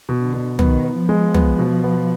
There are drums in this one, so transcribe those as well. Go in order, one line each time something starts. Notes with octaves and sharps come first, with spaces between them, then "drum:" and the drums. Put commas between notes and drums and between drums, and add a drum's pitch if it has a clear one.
B2
D3
B2
D#3 B3, drum: tom
B3
F3
G#3
B3, drum: tom
B2
B3